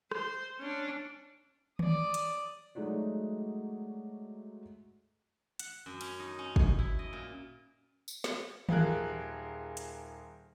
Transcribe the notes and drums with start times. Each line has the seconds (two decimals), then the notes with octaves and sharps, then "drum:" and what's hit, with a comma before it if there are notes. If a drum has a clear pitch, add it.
0.11 C5, drum: rim click
0.59 C#4 D4
1.79 D5 D#6, drum: tom
2.14 drum: hi-hat
2.75 F#3 G#3 A3 D#4 F#4 D5
5.59 F#5, drum: hi-hat
5.86 F#2
6.01 C#4, drum: cymbal
6.20 D#4
6.39 C#4
6.56 drum: kick
6.79 E4
6.99 D#5
7.13 A#2
8.08 drum: tambourine
8.24 drum: snare
8.69 D#1 F4 G#4 A#4 F#6, drum: tom
9.77 drum: hi-hat